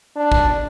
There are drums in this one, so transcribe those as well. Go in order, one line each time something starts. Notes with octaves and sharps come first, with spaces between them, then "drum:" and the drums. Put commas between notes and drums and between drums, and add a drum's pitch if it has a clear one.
D4
drum: kick